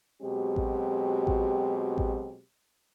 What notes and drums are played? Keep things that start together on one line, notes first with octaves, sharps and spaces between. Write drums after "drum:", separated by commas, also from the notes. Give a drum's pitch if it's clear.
B2 F#3 G#3 C4 G4
drum: kick A1
drum: kick A1
drum: kick A1